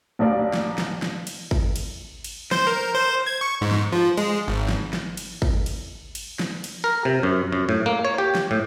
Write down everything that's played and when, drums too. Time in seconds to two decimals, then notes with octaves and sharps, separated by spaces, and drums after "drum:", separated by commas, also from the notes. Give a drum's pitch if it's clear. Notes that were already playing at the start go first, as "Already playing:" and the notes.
0.19 A1 D2 A2 A#3 D5
0.54 drum: snare
0.78 drum: snare
1.02 drum: snare
1.27 drum: cymbal
1.51 drum: kick G#1
1.76 drum: cymbal
2.24 drum: cymbal
2.51 C5, drum: snare
2.67 A#4
2.95 C5
3.26 G#6
3.41 C#6
3.61 G#2
3.71 drum: snare
3.92 F3
4.17 G#3, drum: cymbal
4.48 G#1
4.69 drum: snare
4.93 drum: snare
5.17 drum: cymbal
5.42 drum: kick G#1
5.66 drum: cymbal
6.15 drum: cymbal
6.39 drum: snare
6.64 drum: cymbal
6.84 A#4
7.05 C3
7.23 F#2
7.52 F#2
7.69 A2
7.86 A#3
8.05 C#5
8.18 G4
8.35 drum: snare
8.51 A2